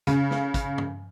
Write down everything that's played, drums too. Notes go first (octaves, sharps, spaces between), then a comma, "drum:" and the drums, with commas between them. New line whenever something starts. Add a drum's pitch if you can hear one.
C#3, drum: hi-hat
drum: snare
drum: kick, hi-hat
drum: tom